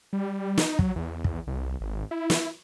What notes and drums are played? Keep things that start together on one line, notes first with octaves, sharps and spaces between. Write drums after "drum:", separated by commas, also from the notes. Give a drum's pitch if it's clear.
G3
D#4, drum: snare
F#3, drum: kick
E2
E2, drum: kick
C2
G#1
E4
drum: snare